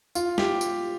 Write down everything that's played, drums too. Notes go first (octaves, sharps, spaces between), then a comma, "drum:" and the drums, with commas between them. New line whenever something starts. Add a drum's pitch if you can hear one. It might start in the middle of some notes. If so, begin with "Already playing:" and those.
F4, drum: tambourine
G4, drum: snare
drum: tambourine